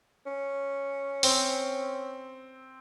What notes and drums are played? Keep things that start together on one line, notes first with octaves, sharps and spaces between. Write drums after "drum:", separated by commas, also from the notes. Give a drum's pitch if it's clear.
C#4
C4, drum: open hi-hat